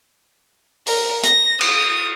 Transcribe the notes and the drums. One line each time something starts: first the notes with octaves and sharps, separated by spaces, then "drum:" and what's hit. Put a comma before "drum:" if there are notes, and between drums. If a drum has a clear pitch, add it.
A#4, drum: open hi-hat
A#6, drum: hi-hat
D#6, drum: cymbal